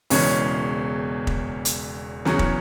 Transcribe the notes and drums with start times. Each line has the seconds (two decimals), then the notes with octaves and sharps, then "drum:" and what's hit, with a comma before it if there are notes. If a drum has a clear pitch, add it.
0.10 E1 E2 C#3 G#3 C#4, drum: open hi-hat
1.27 drum: kick
1.65 drum: hi-hat
2.25 E2 C#3 F#3 C#4, drum: snare
2.39 drum: kick